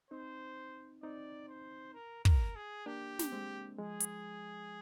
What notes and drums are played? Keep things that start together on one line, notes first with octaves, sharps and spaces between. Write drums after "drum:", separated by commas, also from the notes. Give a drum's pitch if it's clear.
C4 D#4 C5
C4 D#4 D5
C5
A#4
A#4, drum: kick
G#4
A#3 D4 G4
drum: snare
G#3 C4
F3 G#3 G#4
drum: hi-hat